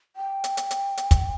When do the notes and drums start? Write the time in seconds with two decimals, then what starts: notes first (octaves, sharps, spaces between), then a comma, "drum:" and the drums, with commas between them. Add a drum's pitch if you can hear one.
0.16 G5
0.44 drum: hi-hat
0.57 drum: hi-hat
0.71 drum: hi-hat
0.97 drum: hi-hat
1.11 drum: kick, hi-hat